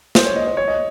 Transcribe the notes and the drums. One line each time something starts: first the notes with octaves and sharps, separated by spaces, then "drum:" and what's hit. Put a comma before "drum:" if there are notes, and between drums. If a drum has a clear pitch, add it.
C5, drum: snare
C#5
D#5
C5
C#5
D#5